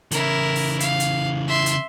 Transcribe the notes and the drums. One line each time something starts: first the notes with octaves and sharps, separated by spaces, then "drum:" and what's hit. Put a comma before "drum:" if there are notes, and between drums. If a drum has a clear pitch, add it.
C#3 E3 E4 A#4, drum: hi-hat
drum: open hi-hat
F5, drum: hi-hat
drum: hi-hat
E5 C6
drum: hi-hat